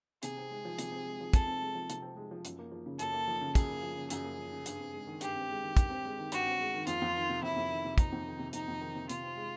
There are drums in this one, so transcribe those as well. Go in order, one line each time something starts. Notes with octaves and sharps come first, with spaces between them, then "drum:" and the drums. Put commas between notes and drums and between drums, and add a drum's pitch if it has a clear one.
C3 G#4, drum: hi-hat
C4
G#3
F3
C3, drum: hi-hat
C4
G#3
F3
C3 A4, drum: kick, hi-hat
C4
G#3
F3
C3, drum: hi-hat
C4
G#3
F3
F#2, drum: hi-hat
A#3
F3
C#3
F#2 A4, drum: hi-hat
A#3
F3
C#3
F#2 G#4, drum: kick, hi-hat
A#3
F3
C#3
F#2 G#4, drum: hi-hat
A#3
F3
C#3
G2, drum: hi-hat
C4
G#3
D#3
G2 G4, drum: hi-hat
C4
G#3
D#3
G2, drum: kick, hi-hat
C4
G#3
D#3
G2 F#4, drum: hi-hat
C4
G#3
D#3
F2 F4, drum: hi-hat
F2
D#3
C3
F2 E4
F2
D#3
C3
F2 D#4, drum: kick, hi-hat
F2
D#3
C3
F2 D#4, drum: hi-hat
F2
D#3
C3
C3 F4, drum: hi-hat
C4
G#3